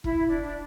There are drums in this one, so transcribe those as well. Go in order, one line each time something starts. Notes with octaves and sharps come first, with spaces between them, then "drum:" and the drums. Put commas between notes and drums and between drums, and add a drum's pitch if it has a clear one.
E4, drum: kick E1
D4
D4